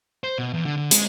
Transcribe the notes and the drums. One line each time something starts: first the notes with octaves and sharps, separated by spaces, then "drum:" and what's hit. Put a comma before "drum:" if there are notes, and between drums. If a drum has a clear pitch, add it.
C5
B2
E2
D3
D3
G#3, drum: hi-hat